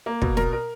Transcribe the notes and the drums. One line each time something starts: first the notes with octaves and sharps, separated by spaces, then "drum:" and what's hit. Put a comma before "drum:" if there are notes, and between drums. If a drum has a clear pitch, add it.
A#3
B2, drum: kick
A#4, drum: snare
A#4